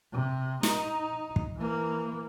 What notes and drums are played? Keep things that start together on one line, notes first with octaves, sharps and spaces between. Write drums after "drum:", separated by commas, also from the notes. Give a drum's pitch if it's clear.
C3
D#4, drum: snare
drum: kick
E3 A#3